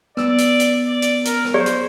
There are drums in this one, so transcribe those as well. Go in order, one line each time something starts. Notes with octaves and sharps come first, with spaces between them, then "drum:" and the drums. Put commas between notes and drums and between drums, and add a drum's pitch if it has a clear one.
B3 D5 E6, drum: rim click
drum: hi-hat
drum: hi-hat
D5
drum: hi-hat
A#4, drum: hi-hat
drum: rim click
G4 G#4 C5 D5
drum: hi-hat